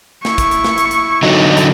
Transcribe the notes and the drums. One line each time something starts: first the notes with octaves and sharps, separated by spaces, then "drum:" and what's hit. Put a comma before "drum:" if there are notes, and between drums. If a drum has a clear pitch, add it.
E4 C#6, drum: snare
drum: kick, hi-hat
drum: hi-hat
drum: snare
drum: hi-hat
drum: hi-hat
D3 F#3 D#4
drum: hi-hat